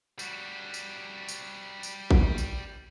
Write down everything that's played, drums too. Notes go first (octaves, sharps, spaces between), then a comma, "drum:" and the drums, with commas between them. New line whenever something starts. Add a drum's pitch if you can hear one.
G3 F#4, drum: tambourine
drum: tambourine
drum: tambourine
drum: tambourine
drum: kick A1
drum: tambourine